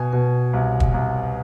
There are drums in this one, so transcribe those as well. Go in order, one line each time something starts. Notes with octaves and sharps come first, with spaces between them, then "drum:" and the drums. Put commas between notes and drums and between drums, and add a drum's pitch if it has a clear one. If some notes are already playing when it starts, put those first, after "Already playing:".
Already playing: B2 G#5
B2
C2
drum: kick
C2